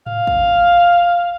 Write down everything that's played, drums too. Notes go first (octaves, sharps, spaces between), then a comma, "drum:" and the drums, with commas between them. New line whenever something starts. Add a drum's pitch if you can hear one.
F5, drum: tom G#2
drum: kick